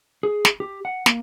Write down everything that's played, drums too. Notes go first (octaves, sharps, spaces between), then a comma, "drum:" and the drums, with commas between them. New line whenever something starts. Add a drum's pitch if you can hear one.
G#4
drum: snare
G4
F#5
A#3, drum: snare